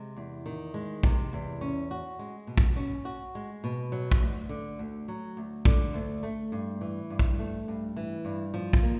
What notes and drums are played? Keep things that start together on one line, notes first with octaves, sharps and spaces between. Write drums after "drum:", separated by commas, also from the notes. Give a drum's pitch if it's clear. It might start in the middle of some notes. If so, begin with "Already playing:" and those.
Already playing: C3 G#3
E2
D#3
G#3
C3, drum: kick
E2
C#4
F#4
G#3
B2
drum: kick
C#4
F#4
G#3
B2
F#3
drum: kick
D2
D3
D2
F#3
D2
D3, drum: kick
D2
A3
G2
E3
G2
drum: kick
A3
G2
E3
G2
F3
drum: kick
A#3